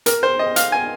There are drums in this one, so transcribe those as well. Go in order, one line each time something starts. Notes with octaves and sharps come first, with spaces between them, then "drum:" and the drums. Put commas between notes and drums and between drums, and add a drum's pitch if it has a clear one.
A#4, drum: hi-hat
C5
D#5
F5, drum: hi-hat
G#5